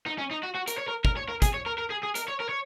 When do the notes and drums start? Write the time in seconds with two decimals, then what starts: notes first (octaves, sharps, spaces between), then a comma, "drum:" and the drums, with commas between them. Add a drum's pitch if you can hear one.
0.06 D#4
0.18 C#4
0.31 D#4
0.43 F#4
0.55 F#4
0.68 A#4, drum: hi-hat
0.78 C#5
0.88 A#4
1.05 A#4, drum: kick
1.17 C#5
1.29 A#4
1.42 G#4, drum: kick, hi-hat
1.54 C#5
1.66 A#4
1.78 A#4
1.90 G#4
2.03 G#4
2.15 A#4, drum: hi-hat
2.28 C#5
2.40 A#4
2.49 C#5